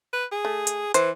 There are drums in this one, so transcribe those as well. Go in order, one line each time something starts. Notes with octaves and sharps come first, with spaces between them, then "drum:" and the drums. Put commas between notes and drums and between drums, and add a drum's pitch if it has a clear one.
B4
G#4
A3
drum: hi-hat
E3 C5, drum: hi-hat